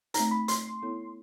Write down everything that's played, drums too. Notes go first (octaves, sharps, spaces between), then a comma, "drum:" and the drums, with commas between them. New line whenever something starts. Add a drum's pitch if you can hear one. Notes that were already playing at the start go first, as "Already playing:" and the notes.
A3 C4 D#4 A#5, drum: hi-hat
B5
C6, drum: hi-hat
B3 E4 A4 C#5